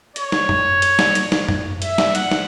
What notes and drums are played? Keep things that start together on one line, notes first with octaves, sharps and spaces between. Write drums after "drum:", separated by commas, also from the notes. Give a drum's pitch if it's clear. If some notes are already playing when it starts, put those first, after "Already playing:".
C#5, drum: hi-hat
drum: snare
drum: tom F#2
drum: hi-hat
drum: snare
drum: hi-hat
drum: snare
drum: tom F#2
E5, drum: hi-hat
drum: snare
F#5, drum: hi-hat
drum: snare